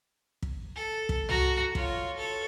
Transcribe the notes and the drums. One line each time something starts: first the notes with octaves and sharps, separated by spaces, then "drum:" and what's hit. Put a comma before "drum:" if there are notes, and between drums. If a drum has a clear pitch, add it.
drum: kick
A4
drum: kick
F#4 A#5, drum: tom C2
F4 C#5, drum: kick
A4 C#5